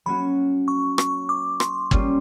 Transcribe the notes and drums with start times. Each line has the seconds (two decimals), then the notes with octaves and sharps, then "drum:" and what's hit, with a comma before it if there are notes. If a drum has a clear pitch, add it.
0.06 F#3 A#3 C#4 F#4 B5
0.68 C#6
0.98 C#6, drum: rim click
1.29 D6
1.60 C6, drum: rim click
1.91 G3 A#3 C#4 F4, drum: kick